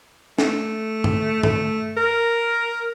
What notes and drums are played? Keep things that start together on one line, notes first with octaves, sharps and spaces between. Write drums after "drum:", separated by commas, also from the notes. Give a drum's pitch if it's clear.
A3, drum: snare
drum: tom G2
A3, drum: tom G2
A#4